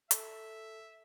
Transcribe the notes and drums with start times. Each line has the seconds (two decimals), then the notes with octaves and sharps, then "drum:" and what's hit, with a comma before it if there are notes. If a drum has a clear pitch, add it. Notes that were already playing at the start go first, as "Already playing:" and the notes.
0.11 A4 E5, drum: hi-hat